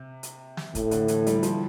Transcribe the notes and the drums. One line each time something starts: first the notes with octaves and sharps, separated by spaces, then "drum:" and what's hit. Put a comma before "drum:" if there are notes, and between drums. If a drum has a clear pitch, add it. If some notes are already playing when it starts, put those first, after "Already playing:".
Already playing: C3
drum: hi-hat
drum: snare
A2, drum: kick, hi-hat
D3, drum: hi-hat
E3, drum: hi-hat
G3, drum: hi-hat
F3, drum: hi-hat